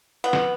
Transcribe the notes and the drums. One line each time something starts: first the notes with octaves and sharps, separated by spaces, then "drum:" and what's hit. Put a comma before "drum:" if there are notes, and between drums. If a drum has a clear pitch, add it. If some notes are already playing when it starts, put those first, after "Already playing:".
B3
drum: snare